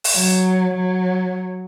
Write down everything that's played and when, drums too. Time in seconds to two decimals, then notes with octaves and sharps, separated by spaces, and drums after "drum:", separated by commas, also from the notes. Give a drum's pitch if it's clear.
0.04 drum: open hi-hat
0.15 F#3
0.74 F#3